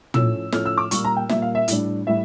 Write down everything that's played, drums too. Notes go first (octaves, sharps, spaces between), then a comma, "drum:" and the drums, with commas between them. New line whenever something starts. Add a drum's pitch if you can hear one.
A2 F3 A3 C#4 E6, drum: tom
A2 F3 A3 C#4 F6, drum: snare
E6
D6
A#2 G3 A#3 C#6, drum: hi-hat
A#5
G5
A#2 G3 A#3 E5, drum: snare
F5
E5
A2 G3 D4, drum: hi-hat
A2 G3 E5